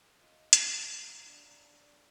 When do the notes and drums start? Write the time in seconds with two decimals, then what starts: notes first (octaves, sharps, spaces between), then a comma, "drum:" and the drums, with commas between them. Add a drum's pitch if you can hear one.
0.21 F4 D#5
0.53 drum: hi-hat
0.65 F5 D#6
0.94 A#5
1.26 D4